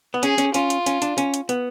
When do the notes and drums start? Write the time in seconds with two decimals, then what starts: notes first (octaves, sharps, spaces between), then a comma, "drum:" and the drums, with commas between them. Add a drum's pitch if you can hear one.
0.14 B3
0.23 C#4 G#4, drum: hi-hat
0.38 C#4, drum: hi-hat
0.54 C#4 F4, drum: hi-hat
0.70 drum: hi-hat
0.86 C#4, drum: hi-hat
1.02 D4, drum: hi-hat
1.18 C#4, drum: hi-hat
1.34 drum: hi-hat
1.49 B3, drum: hi-hat